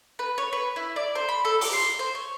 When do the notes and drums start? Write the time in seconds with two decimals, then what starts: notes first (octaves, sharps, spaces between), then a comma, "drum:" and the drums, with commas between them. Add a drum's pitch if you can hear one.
0.19 B4
0.38 C#5
0.53 B4
0.76 E4
0.96 D5
1.15 C5
1.29 B5
1.45 A4
1.61 D6, drum: open hi-hat
1.73 C6
1.99 C5
2.15 C#5